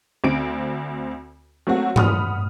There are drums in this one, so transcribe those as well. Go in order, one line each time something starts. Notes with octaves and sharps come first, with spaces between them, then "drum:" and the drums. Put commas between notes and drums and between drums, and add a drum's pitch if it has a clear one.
D2 C4 D7
F#3 A3 A#3 C4 F#4
F#5 B5 D#6 F6, drum: tom G2